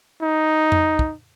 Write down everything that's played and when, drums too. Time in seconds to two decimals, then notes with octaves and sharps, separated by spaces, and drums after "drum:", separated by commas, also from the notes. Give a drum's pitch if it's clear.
0.22 D#4
0.72 drum: tom F2
0.99 drum: kick